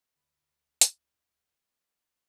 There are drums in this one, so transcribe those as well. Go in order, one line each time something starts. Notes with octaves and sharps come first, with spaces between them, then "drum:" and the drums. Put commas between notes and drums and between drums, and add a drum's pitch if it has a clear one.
D2 B5
drum: hi-hat